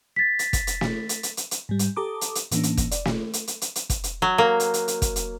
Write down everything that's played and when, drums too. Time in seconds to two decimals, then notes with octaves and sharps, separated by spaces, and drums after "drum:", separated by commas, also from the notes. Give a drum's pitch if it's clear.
0.16 A6 B6
0.39 drum: hi-hat
0.53 drum: kick, hi-hat
0.67 drum: hi-hat
0.81 drum: snare
1.09 drum: hi-hat
1.23 drum: hi-hat
1.37 drum: hi-hat
1.51 drum: hi-hat
1.69 G#2 G3
1.79 drum: hi-hat
1.96 G4 A4 A5 A#5 D6 D#6
2.21 drum: hi-hat
2.35 drum: hi-hat
2.51 A2 E3 A#3 C#4 D4, drum: hi-hat
2.63 drum: hi-hat
2.77 drum: kick, hi-hat
2.91 D5, drum: hi-hat
3.05 drum: snare
3.33 drum: hi-hat
3.47 drum: hi-hat
3.62 drum: hi-hat
3.76 drum: hi-hat
3.90 drum: kick, hi-hat
4.04 drum: hi-hat
4.22 F#3
4.38 A#3
4.60 drum: hi-hat
4.74 drum: hi-hat
4.88 drum: hi-hat
5.02 drum: kick, hi-hat
5.16 drum: hi-hat